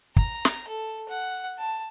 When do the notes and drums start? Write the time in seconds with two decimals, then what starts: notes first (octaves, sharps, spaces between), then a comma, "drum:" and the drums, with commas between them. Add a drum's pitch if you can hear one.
0.16 A#5, drum: kick
0.45 drum: snare
0.68 A4
1.09 F#5
1.58 A5